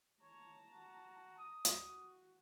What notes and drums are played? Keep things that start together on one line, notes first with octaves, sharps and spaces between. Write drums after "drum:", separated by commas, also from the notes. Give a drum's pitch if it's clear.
C#5 A5 A#5
F#4
D#6
drum: hi-hat
F#4